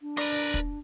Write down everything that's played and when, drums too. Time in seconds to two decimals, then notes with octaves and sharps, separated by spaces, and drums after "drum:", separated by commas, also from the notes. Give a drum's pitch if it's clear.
0.01 D4
0.17 A#4 B4 D5, drum: rim click
0.54 drum: kick, hi-hat